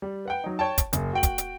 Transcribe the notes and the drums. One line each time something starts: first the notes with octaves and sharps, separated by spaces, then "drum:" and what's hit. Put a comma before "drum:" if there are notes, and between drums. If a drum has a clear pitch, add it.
G3
B4 F#5 G5
F#3 D#4
C#5 G5 A5
drum: kick, hi-hat
F#1, drum: hi-hat
F#4 G5 F#7
drum: kick, hi-hat
drum: hi-hat